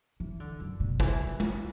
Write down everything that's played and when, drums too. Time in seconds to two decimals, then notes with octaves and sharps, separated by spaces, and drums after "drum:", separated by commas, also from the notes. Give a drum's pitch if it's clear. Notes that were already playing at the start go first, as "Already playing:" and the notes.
0.20 E3
0.40 D3
0.60 F#2
0.80 B2
1.00 E3, drum: kick
1.40 D3, drum: tom G#3